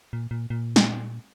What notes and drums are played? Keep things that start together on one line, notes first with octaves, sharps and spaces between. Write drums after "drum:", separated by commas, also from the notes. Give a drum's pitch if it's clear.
A#2
A#2
A#2
drum: snare